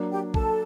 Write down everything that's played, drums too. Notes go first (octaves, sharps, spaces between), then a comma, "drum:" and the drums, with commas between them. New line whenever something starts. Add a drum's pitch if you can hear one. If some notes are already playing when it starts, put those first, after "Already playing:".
Already playing: F#3 A#3 D4
G4 G5
A4 A5, drum: kick A#1